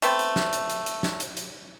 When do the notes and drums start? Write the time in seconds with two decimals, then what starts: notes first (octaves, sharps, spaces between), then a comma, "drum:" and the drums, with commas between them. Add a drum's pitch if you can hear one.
0.02 A3 B3 C4, drum: hi-hat
0.19 drum: hi-hat
0.36 drum: snare
0.53 drum: hi-hat
0.70 drum: hi-hat
0.86 drum: hi-hat
1.03 drum: snare
1.20 drum: hi-hat
1.37 drum: hi-hat